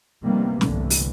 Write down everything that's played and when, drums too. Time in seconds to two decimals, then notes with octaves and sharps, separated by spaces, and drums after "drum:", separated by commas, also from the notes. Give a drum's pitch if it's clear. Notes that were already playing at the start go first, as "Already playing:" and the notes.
0.23 C3 D#3 F3 G3 A#3 B3
0.61 G1 C2 A2 D3 E3, drum: snare
0.90 drum: open hi-hat